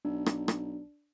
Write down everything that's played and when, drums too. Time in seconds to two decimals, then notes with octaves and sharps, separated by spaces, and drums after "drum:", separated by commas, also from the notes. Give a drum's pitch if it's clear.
0.05 B1 D4
0.26 drum: rim click
0.48 drum: rim click